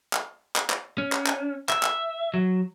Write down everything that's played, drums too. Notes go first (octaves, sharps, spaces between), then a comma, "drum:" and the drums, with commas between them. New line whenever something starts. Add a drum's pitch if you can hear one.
drum: clap
drum: clap
drum: clap
C#4
drum: clap
drum: clap
E5, drum: clap
drum: clap
F#3